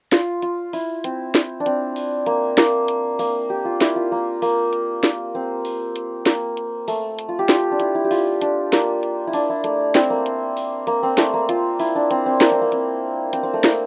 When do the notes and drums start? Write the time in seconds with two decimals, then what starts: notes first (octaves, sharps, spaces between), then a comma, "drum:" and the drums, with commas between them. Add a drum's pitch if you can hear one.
0.12 F4, drum: snare
0.42 F4, drum: hi-hat
0.73 E4, drum: open hi-hat
1.04 C4, drum: hi-hat
1.35 drum: snare
1.60 D4
1.66 C4, drum: hi-hat
1.96 drum: open hi-hat
2.26 A#3, drum: hi-hat
2.58 A#3, drum: snare
2.88 drum: hi-hat
3.19 A#3, drum: open hi-hat
3.50 G4
3.65 F4
3.81 E4, drum: snare
3.96 F4
4.12 A#3
4.42 A#3, drum: open hi-hat
4.73 drum: hi-hat
5.03 drum: snare
5.35 C4
5.65 drum: open hi-hat
5.96 drum: hi-hat
6.26 A#3, drum: snare
6.57 drum: hi-hat
6.88 A3, drum: open hi-hat
7.19 drum: hi-hat
7.29 F4
7.39 G4
7.49 F4, drum: snare
7.71 D4
7.80 E4, drum: hi-hat
7.95 E4
8.04 G4
8.11 F4, drum: open hi-hat
8.42 D4, drum: hi-hat
8.73 A#3, drum: snare
9.03 drum: hi-hat
9.27 E4
9.33 D4, drum: open hi-hat
9.50 E4
9.64 A3, drum: hi-hat
9.95 C4, drum: snare
10.10 A#3
10.26 drum: hi-hat
10.57 drum: open hi-hat
10.87 A#3, drum: hi-hat
11.03 C4
11.18 A3, drum: snare
11.34 A#3
11.49 F4, drum: hi-hat
11.80 E4, drum: open hi-hat
11.95 D4
12.11 C4, drum: hi-hat
12.26 C4
12.41 A#3, drum: snare
12.52 C4
12.62 A#3
12.72 C4, drum: hi-hat
13.33 C4, drum: hi-hat
13.43 C4
13.54 A3
13.64 A#3, drum: snare